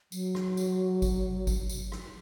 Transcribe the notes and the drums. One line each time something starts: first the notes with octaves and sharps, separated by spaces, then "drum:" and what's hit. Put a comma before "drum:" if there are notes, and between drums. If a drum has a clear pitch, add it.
F#3, drum: tambourine
drum: rim click
drum: tambourine
drum: kick G#1, tambourine
drum: kick G#1, tambourine
drum: tambourine
drum: rim click